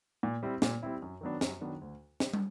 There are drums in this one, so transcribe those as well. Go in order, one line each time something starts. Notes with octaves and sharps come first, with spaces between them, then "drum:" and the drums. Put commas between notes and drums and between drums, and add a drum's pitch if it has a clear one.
A#2
G3 C4 E4
A#2, drum: snare
G3 C4 E4
F#2
D#3 F#3 B3 D4
F#2, drum: snare
D#3 F#3 B3 D4
D2
drum: snare
drum: tom